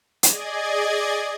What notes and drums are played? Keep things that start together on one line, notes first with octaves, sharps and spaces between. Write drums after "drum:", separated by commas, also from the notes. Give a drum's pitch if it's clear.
G#4 D5 D#5 G#6, drum: hi-hat